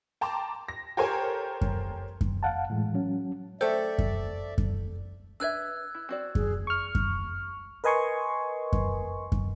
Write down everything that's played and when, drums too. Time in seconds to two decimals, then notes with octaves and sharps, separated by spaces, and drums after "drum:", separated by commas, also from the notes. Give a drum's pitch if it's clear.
0.21 G5 A5 A#5 C6 D6
0.68 A#6
0.97 G4 A4 A#4 C5 C#5 G#5
1.61 drum: kick F#2
2.21 drum: kick F#2
2.43 F5 F#5 A5
2.70 A2 E3 G#3
2.94 F#3 C#4
3.61 A3 A4 C5 D5 E5 G5
3.98 drum: kick F#2
4.58 drum: kick F#2
5.40 D4 B4 E5 E6 F#6 G#6
5.95 E4
6.09 C4 F#4 D5
6.35 G#4, drum: kick F#2
6.67 C#6 F6
6.95 drum: kick F#2
7.84 A#4 B4 D#5 G#5 C6 C#6
8.73 drum: kick F#2
9.32 drum: kick F#2